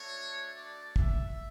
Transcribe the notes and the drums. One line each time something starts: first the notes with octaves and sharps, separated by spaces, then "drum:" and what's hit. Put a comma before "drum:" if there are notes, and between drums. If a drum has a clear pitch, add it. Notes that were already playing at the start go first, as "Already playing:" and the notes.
Already playing: A3 D4 F#4 C#5
D5
E5, drum: kick